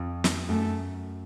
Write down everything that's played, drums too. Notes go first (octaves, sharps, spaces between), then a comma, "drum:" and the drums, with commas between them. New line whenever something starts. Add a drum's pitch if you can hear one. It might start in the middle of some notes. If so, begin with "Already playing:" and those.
Already playing: F2
drum: snare
F#2 A3